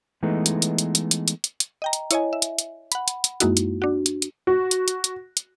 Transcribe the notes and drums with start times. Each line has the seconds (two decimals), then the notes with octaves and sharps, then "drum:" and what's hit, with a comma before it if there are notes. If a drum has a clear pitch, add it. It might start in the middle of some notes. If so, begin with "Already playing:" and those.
0.23 E3 G#3 A3 B3 D#4
0.46 drum: hi-hat
0.62 drum: hi-hat
0.79 drum: hi-hat
0.95 drum: hi-hat
1.11 drum: hi-hat
1.28 drum: hi-hat
1.44 drum: hi-hat
1.60 drum: hi-hat
1.82 D#5 G5 A#5
1.93 drum: hi-hat
2.11 E4 C#5 D#5 G#5, drum: hi-hat
2.33 E5
2.42 drum: hi-hat
2.59 drum: hi-hat
2.92 F#5 B5, drum: hi-hat
3.08 drum: hi-hat
3.24 drum: hi-hat
3.40 F#2 G#3 A#3 D#4 E4 F#4, drum: hi-hat
3.57 drum: hi-hat
3.82 D4 F#4
4.06 drum: hi-hat
4.22 drum: hi-hat
4.47 F#4
4.71 drum: hi-hat
4.88 drum: hi-hat
5.04 drum: hi-hat
5.37 drum: hi-hat